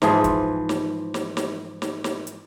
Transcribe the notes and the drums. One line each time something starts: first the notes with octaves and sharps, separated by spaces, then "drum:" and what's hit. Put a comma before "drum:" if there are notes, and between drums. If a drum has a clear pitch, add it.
G#2 E3 F3 G#4, drum: snare
drum: kick, hi-hat
drum: snare
drum: snare
drum: snare
drum: snare
drum: snare
drum: hi-hat